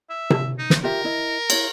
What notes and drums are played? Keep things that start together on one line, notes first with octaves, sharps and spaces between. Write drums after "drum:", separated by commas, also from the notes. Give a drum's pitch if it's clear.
E5
drum: tom C3
D#4
drum: snare
F4 G4 A#4 E5
E4 D#5
E4 C#5, drum: cymbal